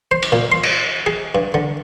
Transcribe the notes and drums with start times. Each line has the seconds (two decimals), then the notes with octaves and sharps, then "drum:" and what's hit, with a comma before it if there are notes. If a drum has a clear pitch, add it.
0.11 C5
0.22 drum: cymbal
0.32 A#2
0.52 C6
0.63 drum: cymbal
1.06 G#4
1.35 G2
1.54 D3